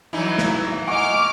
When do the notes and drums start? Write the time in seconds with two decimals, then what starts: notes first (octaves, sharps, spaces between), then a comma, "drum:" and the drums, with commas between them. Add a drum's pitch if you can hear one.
0.13 E3 F#3 D#4 E4
0.38 drum: snare
0.87 D#5 F#5 G#5 C#6 D6 F6